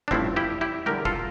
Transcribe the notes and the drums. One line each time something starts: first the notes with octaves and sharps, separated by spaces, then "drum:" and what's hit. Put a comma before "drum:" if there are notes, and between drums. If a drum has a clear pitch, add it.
D4
A1 G2 F3 A3 C4 E4, drum: kick
E4 G4
E4 G4
E2 D3 A3 G4 A#4, drum: tom G3
F4 A4, drum: kick